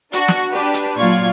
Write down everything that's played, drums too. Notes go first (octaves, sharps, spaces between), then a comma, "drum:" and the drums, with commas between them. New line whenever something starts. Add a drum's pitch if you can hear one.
D4 F#4, drum: hi-hat
drum: snare
D4 G4 B4
drum: hi-hat
A#2 F#3 F4 D5 C#6 G#6